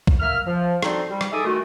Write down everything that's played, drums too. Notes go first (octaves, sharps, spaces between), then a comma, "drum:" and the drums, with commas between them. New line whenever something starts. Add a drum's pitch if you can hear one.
drum: kick B1
A#3 E5 F6
F3
C4 D4 D#4 F#4 A4 C6, drum: rim click
G3
drum: rim click
D#4 G#4 A4 E5 D6 D#6
D#3 A3 F4 F#4